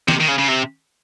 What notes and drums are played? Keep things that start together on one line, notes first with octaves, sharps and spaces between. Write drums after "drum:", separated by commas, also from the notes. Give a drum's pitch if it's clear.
C3, drum: snare
D#3
C#3
C#3
C3